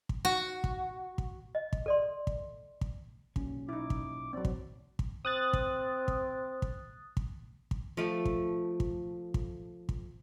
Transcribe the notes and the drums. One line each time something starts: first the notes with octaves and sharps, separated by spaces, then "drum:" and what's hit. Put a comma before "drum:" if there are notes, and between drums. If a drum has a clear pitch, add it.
drum: kick
F#4
drum: kick
drum: kick
D#5
drum: kick
A4 D5 C6
drum: kick
drum: kick
B1 A#2 C#4, drum: kick
D#4 E4 D6
drum: kick
F#3 C4 D5
drum: kick
drum: kick
C4 D#6 F#6 A6
drum: kick
drum: kick
drum: kick
drum: kick
drum: kick
F3 A3
drum: kick
drum: kick
drum: kick
drum: kick